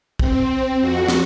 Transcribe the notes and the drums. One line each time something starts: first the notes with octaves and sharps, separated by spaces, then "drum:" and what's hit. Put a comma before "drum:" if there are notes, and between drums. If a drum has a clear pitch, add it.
C4, drum: kick
F2 F#4
drum: snare